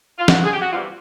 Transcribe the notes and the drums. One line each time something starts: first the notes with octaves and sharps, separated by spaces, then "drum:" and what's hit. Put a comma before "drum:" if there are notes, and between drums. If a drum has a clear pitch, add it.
F4
E2 C3 E3 G3 F#4, drum: snare
G#4
G4
F#4
E2 C3 E3 G3 F4